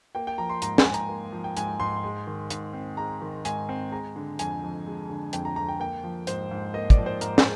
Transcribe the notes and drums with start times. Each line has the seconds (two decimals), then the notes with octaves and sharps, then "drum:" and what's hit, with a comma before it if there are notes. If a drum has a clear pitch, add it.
0.15 A#3 G5
0.27 G5
0.38 F3 A#5
0.50 C6
0.62 G#2 A#5, drum: hi-hat
0.78 G#5, drum: snare
0.86 G#2
0.94 A#5, drum: hi-hat
1.09 A#3
1.32 F3
1.44 G5
1.57 G#2 G#5, drum: hi-hat
1.80 G#2 C6
1.96 C6
2.04 G#3
2.27 D#3
2.50 G#2, drum: hi-hat
2.73 C4
2.97 G#3 A#5
3.22 D#3
3.45 G#2 G#5, drum: hi-hat
3.69 C4
3.92 G#3 A#5
4.16 D3
4.39 F2 G#5, drum: hi-hat
4.63 F2
4.87 G#3
5.09 D3
5.33 F2 G5, drum: hi-hat
5.45 A#5
5.56 F2 A#5
5.69 G5
5.80 A#3 G5
6.04 F3
6.27 G#2 C5, drum: hi-hat
6.51 G#2
6.74 A#3 D#5
6.90 D5, drum: kick, hi-hat
6.98 F3
7.06 C5
7.21 G#2 A#4, drum: hi-hat
7.38 G#4, drum: snare